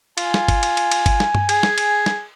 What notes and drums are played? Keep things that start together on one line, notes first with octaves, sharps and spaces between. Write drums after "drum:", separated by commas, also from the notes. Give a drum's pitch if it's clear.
F4 G#5, drum: cymbal
drum: snare
drum: kick G1, cymbal
drum: cymbal
drum: cymbal
drum: cymbal
drum: kick G1, cymbal
drum: snare
drum: tom G2
G#4, drum: cymbal
drum: snare
drum: cymbal
drum: snare